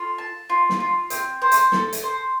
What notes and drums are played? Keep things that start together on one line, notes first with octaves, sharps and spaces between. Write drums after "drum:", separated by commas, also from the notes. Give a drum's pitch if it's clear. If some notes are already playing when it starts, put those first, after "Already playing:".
Already playing: F4 A4
A5
F4
drum: snare
F4
C4, drum: hi-hat
C5
drum: hi-hat
A4, drum: snare
drum: hi-hat
C5